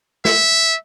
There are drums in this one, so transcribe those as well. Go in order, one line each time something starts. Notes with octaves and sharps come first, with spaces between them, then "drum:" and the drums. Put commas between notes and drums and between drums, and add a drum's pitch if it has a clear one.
E5, drum: snare